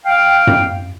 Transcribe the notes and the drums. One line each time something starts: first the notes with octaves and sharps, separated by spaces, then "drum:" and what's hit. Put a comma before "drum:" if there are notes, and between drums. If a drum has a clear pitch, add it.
F5 G5
drum: tom F#2